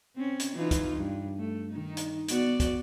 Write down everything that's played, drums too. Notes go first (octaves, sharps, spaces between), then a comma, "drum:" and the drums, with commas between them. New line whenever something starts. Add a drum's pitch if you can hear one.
C4 C#4
drum: hi-hat
E3 D#4 F4
drum: kick, hi-hat
G2
A3
D#3 D#4
drum: hi-hat
B3 F#4 D5, drum: hi-hat
drum: kick, hi-hat